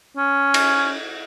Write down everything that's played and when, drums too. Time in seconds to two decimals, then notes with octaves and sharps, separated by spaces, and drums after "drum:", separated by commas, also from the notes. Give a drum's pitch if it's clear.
0.17 C#4
0.54 drum: cymbal